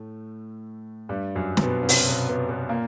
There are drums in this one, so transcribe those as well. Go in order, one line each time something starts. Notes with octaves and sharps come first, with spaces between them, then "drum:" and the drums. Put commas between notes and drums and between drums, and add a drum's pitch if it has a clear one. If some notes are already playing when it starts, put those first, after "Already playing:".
Already playing: A2 A3
G2 G3
F#2 F#3
C4, drum: snare
B2 B3
C#4
C3 C4, drum: open hi-hat
B2 B3
B2 B3
B2 B3
A#2 A#3